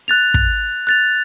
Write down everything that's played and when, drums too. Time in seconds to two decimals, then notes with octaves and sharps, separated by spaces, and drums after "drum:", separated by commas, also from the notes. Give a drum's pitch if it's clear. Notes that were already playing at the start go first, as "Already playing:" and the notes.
0.08 F#6 A6 F7
0.34 drum: kick
0.87 F#6 A6 F7